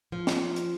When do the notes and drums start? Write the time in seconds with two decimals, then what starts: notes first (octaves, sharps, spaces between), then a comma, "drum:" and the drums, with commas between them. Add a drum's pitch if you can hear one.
0.12 F3
0.27 drum: snare
0.56 drum: hi-hat